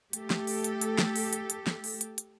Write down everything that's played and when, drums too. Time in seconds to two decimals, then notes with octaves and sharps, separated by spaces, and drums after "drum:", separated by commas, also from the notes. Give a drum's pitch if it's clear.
0.13 A3 G4 A4, drum: hi-hat
0.30 drum: snare
0.47 drum: open hi-hat
0.64 drum: hi-hat
0.81 drum: hi-hat
0.99 drum: snare
1.16 drum: open hi-hat
1.33 drum: hi-hat
1.50 drum: hi-hat
1.67 drum: snare
1.84 drum: open hi-hat
2.01 drum: hi-hat
2.18 drum: hi-hat